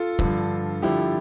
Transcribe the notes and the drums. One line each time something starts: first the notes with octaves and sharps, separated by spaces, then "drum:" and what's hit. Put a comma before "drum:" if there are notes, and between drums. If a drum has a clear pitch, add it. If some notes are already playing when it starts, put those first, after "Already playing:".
Already playing: F4 A4
G2 D3 F3, drum: kick
G2 D3 F3 E4 G4